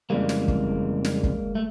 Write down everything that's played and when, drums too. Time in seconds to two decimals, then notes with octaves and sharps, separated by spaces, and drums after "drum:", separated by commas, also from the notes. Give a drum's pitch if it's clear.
0.10 F2 C#3 E3 G3 G#3 A#3
0.29 drum: snare
0.48 drum: kick
1.05 drum: snare
1.23 drum: kick
1.55 A3